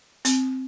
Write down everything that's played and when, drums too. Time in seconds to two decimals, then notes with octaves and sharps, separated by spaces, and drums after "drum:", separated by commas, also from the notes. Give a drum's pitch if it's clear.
0.25 C4, drum: hi-hat